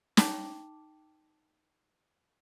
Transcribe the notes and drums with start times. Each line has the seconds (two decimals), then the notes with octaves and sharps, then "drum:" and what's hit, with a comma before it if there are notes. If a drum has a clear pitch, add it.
0.17 D#4 G5 A5 D6, drum: snare